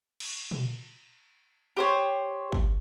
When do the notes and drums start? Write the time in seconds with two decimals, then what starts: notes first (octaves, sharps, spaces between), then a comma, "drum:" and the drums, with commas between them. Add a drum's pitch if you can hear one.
0.20 drum: cymbal
0.51 drum: tom
1.77 G4 C5 C#5
2.52 drum: kick